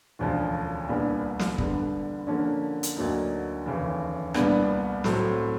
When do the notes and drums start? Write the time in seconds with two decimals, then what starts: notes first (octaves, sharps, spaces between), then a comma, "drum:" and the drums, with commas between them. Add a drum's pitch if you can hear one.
0.19 E1 D2 C#3 F3
0.89 C2 A#2 G3 B3 D4
1.39 drum: snare
1.58 D3 G3 B3, drum: kick
2.27 D3 F3 A#3 C#4
2.83 drum: hi-hat
2.96 D2 D3 F#3 A#3 D#4
3.66 F1 D#2 C#3 E3
4.34 C2 A#2 G3 B3 D4, drum: rim click
5.04 A2 F#3 A3 C4, drum: snare